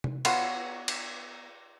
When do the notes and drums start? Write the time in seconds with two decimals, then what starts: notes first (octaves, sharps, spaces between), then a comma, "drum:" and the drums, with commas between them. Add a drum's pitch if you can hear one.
0.04 drum: tom C3
0.25 B3 F4 F#4 C#5, drum: cymbal
0.88 drum: cymbal